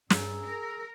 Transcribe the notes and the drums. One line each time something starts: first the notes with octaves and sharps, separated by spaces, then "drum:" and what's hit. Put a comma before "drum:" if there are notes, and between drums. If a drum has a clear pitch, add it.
G2 G#4 A#5 E6, drum: snare
A#4